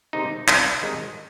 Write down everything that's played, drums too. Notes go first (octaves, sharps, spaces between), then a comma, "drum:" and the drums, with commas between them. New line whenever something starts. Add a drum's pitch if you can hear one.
C3 D#3 G#3 D#4
C2, drum: clap
C3 D#3 G#3 D#4